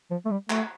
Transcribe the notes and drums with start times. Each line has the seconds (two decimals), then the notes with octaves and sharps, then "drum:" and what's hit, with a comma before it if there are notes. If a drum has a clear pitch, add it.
0.11 F3
0.26 A3
0.31 G3
0.50 A3, drum: clap